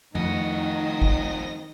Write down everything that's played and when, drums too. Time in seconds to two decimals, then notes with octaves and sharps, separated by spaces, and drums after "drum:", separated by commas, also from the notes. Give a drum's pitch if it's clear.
0.15 F2 D#3 F3 A3 F#4 D#5, drum: tom F2
1.02 drum: kick